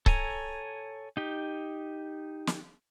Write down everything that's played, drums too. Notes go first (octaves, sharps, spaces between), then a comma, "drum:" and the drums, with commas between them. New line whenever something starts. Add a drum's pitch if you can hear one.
A4 C#5 G#5 A#5, drum: kick C#1
D#4 G4
drum: snare